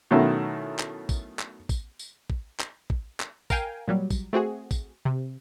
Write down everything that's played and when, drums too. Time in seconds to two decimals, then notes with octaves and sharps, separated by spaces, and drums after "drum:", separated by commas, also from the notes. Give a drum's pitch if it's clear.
0.11 B2 D#3 F#3 A3 C#4 E4
0.79 drum: clap
1.09 drum: kick, tambourine
1.39 drum: clap
1.69 drum: kick, tambourine
1.99 drum: tambourine
2.30 drum: kick
2.60 drum: clap
2.90 drum: kick
3.20 drum: clap
3.50 A#4 F5 G5 G#5, drum: kick, tambourine
3.88 A#2 F#3 G3
4.10 drum: kick, tambourine
4.33 A3 C4 F#4 G#4
4.71 drum: kick, tambourine
5.05 C3